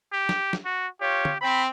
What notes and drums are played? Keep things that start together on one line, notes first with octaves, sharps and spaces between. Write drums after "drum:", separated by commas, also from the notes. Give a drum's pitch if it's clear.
G4
drum: snare
drum: snare
F#4
F4 G4 C#5
drum: tom
C4 B5